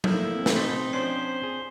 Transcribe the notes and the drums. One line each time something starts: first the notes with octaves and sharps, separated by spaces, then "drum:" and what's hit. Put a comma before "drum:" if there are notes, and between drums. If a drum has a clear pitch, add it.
F3 A3 A#3 E4, drum: tom F#3
C4
drum: snare
B2 D#4 C6 A6 B6
F3 C#4 D4 C5 C6 C7
G#4